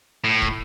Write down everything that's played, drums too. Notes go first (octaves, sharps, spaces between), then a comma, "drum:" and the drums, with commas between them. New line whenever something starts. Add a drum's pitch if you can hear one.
A2
drum: kick